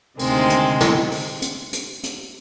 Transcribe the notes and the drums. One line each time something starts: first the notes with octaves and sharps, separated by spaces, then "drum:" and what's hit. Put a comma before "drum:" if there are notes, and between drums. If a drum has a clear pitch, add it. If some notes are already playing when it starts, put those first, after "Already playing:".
D2 C3 D#3 G#3 C4, drum: open hi-hat
drum: hi-hat
drum: snare
drum: open hi-hat
drum: hi-hat
drum: hi-hat
drum: hi-hat